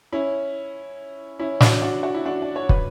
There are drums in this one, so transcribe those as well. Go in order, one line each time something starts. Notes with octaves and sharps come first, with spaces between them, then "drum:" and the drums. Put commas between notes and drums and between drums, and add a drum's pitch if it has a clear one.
C#4 E4
C#4 E4
D4 F#4, drum: snare
D4 F#4
F#4
E4
D4 F#4
D5
C#5
B4, drum: kick